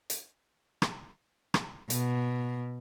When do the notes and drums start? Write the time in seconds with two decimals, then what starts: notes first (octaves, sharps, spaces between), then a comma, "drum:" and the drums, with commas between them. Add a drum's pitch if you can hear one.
0.10 drum: hi-hat
0.82 drum: rim click
1.54 drum: rim click
1.90 B2, drum: hi-hat